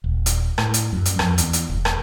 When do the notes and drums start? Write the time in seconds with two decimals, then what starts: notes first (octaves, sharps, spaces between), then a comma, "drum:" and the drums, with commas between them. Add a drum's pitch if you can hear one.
0.04 D#1
0.26 drum: hi-hat
0.58 A2, drum: rim click
0.74 drum: hi-hat
0.93 F#2
1.05 drum: hi-hat
1.19 F2, drum: rim click
1.38 E2, drum: hi-hat
1.53 drum: hi-hat
1.70 E1
1.85 drum: rim click